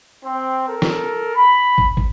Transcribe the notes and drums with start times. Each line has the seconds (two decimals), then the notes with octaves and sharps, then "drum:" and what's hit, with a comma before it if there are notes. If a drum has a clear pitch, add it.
0.24 C4
0.69 A4 A#4
0.82 drum: snare
1.35 B5
1.78 drum: kick
1.97 drum: kick